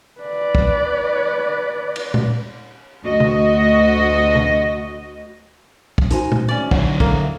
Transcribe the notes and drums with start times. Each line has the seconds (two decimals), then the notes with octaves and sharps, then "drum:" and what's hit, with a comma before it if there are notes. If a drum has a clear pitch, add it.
0.21 B4 D5
0.55 drum: kick
1.96 drum: cymbal
2.14 drum: tom A#2
3.04 D2 F#4 D#5
3.20 drum: tom C3
4.35 drum: tom C3
5.98 drum: kick
6.11 D#4 F#4 A#4 C5 G#5, drum: hi-hat
6.32 drum: tom A#2
6.48 D2 C#4 D5
6.71 D3 F#3 E4 F#5, drum: kick
7.00 A#3, drum: kick